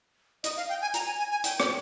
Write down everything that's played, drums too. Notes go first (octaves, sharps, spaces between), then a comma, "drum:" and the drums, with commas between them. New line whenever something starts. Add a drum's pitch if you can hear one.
D#5, drum: hi-hat
F5
G5
G#5
A#5, drum: hi-hat
G#5
G#5
G#5
G5, drum: hi-hat
drum: rim click